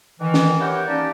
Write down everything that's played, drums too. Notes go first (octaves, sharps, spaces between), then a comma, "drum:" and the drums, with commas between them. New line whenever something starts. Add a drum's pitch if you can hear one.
D#3 E3
drum: snare
E4 G4 A#4 C#5 F#5 G5
A#3 C#4 D#4 G4 D5 A5